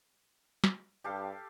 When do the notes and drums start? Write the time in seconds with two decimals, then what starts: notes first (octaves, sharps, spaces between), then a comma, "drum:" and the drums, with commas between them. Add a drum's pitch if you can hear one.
0.64 drum: snare
1.04 G2 G4 A4 F5